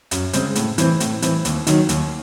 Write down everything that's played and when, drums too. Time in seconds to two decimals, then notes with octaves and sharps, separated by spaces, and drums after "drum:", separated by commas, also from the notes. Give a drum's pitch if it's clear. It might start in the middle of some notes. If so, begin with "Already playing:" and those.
0.11 F#2, drum: hi-hat
0.33 C#3 G#3 C4, drum: hi-hat
0.55 A2, drum: hi-hat
0.78 E3 C4, drum: hi-hat
1.00 A2, drum: hi-hat
1.22 E3 C4, drum: hi-hat
1.45 D#2, drum: hi-hat
1.67 D#3 F#3, drum: hi-hat
1.89 D#2, drum: hi-hat